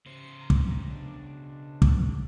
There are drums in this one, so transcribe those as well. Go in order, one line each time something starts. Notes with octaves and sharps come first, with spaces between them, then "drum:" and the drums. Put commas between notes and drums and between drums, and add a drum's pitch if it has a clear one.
C#3 C5 C#7
A#5
drum: kick
B2 D4
drum: kick